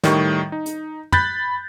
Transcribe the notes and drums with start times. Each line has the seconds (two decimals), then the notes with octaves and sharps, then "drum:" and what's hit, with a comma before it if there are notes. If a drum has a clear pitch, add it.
0.04 A2 D#3 G3 C#6, drum: snare
0.52 D#4
0.66 drum: hi-hat
1.12 B5 F#6 G6 A6 B6, drum: tom